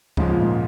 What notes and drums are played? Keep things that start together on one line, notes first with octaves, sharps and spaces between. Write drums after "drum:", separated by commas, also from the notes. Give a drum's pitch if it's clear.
G#2 C#3 F3 G#3, drum: kick
A#2
G#2